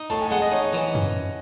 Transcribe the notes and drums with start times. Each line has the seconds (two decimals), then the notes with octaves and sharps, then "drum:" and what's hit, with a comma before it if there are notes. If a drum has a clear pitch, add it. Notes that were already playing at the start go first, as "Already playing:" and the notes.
Already playing: D#4
0.10 A2 A5, drum: hi-hat
0.21 G#5
0.31 G#3 F#5
0.42 D#5
0.52 D#4 C#5
0.73 E3
0.95 drum: tom F#2